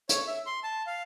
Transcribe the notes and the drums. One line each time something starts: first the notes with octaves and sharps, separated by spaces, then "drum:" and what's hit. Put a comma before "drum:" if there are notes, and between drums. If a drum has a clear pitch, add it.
C#5, drum: hi-hat
E5
C6
A5
F5